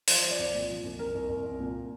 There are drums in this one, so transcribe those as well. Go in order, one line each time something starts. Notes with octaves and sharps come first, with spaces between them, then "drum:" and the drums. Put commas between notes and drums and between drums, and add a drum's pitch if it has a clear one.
F3 C5, drum: open hi-hat
F3
D5
C2
A#2
F3
C2
C2 A#4
C2
C2
C2
A#2